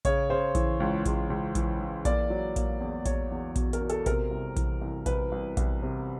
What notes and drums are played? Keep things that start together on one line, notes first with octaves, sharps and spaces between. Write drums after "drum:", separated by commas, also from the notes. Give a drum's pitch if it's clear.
C#3 C#5, drum: kick A#1, hi-hat
C#3 C5
E3, drum: kick A#1, hi-hat
C#2
C#2, drum: kick A#1, hi-hat
C#2
E3, drum: kick A#1, hi-hat
E3
A#3 D5, drum: kick A#1, hi-hat
F#3
A#3, drum: kick A#1, hi-hat
E2
F#3 C#5, drum: kick A#1, hi-hat
E2
B2, drum: kick A#1, hi-hat
A#4, drum: hi-hat
B2
A4, drum: hi-hat
C3 A#4, drum: kick A#1, hi-hat
C2
E3, drum: kick A#1, hi-hat
C2
C2 B4, drum: kick A#1, hi-hat
C2
C2, drum: kick A#1, hi-hat
C3